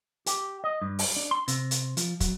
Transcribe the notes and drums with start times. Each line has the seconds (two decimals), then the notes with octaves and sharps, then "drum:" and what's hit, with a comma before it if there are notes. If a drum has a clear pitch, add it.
0.26 G4, drum: hi-hat
0.64 D#5
0.82 G2
0.99 drum: open hi-hat
1.16 D4
1.31 C6
1.48 C3, drum: hi-hat
1.71 drum: hi-hat
1.97 F3, drum: hi-hat
2.20 F#3, drum: kick, hi-hat